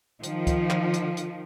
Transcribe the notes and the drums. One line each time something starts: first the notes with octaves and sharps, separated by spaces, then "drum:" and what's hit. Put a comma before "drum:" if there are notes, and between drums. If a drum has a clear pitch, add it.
D#3 F3, drum: hi-hat
drum: kick C#2, hi-hat
drum: clap
drum: hi-hat
drum: hi-hat